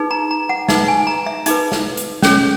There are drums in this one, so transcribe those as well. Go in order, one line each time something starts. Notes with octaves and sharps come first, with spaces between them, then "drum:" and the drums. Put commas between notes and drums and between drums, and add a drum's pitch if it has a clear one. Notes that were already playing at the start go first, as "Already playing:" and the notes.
Already playing: D#4 G#4 B4
A#5
A#5
F#5
D#4 G#4 B4 E5, drum: snare
G#5
A#5
E5
D#4 G#4 B4 E5, drum: hi-hat
drum: snare
drum: hi-hat
C#4 G#4 C#5, drum: snare